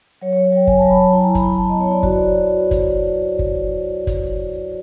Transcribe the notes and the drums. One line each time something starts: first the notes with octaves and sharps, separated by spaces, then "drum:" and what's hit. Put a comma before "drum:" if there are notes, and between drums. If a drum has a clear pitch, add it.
F#3 C#5
C#5
F#3
C#5
F#3 G5
F#3 G#5, drum: kick
F#3 A5
B5
F#3 A5
E4 A#5
E4 A#5
B5, drum: kick, hi-hat
E4 A#5
E4 A5
B3 D#5
C#5
E4 D5
F#4 D5, drum: kick
F#4 C5
C#5
drum: kick, hi-hat
drum: kick
drum: kick, hi-hat